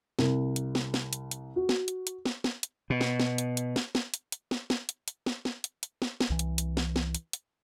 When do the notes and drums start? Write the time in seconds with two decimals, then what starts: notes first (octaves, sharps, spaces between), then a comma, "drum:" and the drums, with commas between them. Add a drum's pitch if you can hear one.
0.19 C2, drum: snare
0.56 drum: hi-hat
0.75 drum: snare
0.94 drum: snare
1.13 drum: hi-hat
1.31 drum: hi-hat
1.56 F#4
1.69 drum: snare
1.88 drum: hi-hat
2.07 drum: hi-hat
2.25 drum: snare
2.44 drum: snare
2.63 drum: hi-hat
2.90 B2
3.01 drum: snare
3.20 drum: snare
3.38 drum: hi-hat
3.57 drum: hi-hat
3.76 drum: snare
3.95 drum: snare
4.14 drum: hi-hat
4.32 drum: hi-hat
4.51 drum: snare
4.70 drum: snare
4.89 drum: hi-hat
5.08 drum: hi-hat
5.26 drum: snare
5.45 drum: snare
5.64 drum: hi-hat
5.83 drum: hi-hat
6.02 drum: snare
6.20 drum: snare
6.30 C2 E3
6.39 drum: hi-hat
6.58 drum: hi-hat
6.77 drum: snare
6.96 drum: snare
7.15 drum: hi-hat
7.33 drum: hi-hat